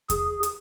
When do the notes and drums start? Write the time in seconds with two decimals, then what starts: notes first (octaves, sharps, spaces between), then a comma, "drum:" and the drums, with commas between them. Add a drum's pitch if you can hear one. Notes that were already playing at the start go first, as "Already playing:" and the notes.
0.10 G#4, drum: kick E2, hi-hat
0.43 drum: hi-hat